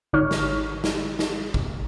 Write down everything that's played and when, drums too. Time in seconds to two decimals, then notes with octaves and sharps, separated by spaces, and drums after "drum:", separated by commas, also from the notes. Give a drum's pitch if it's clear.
0.13 G#1 D3 D#4 C#5 C#6 F6
0.31 drum: snare
0.84 drum: snare
1.19 drum: snare
1.54 drum: kick G#1